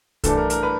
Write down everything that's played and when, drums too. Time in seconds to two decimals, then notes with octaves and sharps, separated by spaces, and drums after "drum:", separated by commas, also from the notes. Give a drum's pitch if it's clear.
0.24 G2 E3 A3 D4 A4, drum: kick, hi-hat
0.37 A#4
0.50 A#4, drum: hi-hat
0.63 B4